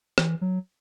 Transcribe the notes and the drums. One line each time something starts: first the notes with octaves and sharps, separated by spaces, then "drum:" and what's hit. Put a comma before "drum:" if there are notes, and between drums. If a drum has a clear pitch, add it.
E3, drum: rim click
F#3